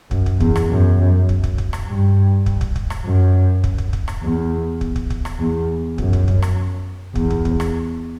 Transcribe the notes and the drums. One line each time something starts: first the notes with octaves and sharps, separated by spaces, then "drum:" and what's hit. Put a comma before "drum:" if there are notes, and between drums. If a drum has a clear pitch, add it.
F#2, drum: kick
drum: kick
E2, drum: kick
drum: rim click
F#2
drum: kick
drum: kick
drum: kick
drum: rim click
G2
drum: kick
drum: kick
drum: kick
drum: rim click
F#2
drum: kick
drum: kick
drum: kick
drum: rim click
E2
drum: kick
drum: kick
drum: kick
drum: rim click
E2
F#2, drum: kick
drum: kick
drum: kick
drum: rim click
E2, drum: kick
drum: kick
drum: kick
drum: rim click